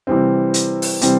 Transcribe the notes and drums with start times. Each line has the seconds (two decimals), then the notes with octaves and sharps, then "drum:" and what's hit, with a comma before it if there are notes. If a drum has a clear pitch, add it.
0.07 C3 E3 G3 C4
0.54 drum: hi-hat
0.82 drum: open hi-hat
1.01 C3 E3 G3 C4, drum: hi-hat